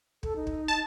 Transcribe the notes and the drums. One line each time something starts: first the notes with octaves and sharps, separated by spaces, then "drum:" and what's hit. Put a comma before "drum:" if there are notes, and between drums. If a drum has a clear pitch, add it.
A4, drum: kick
D#4
drum: kick
A5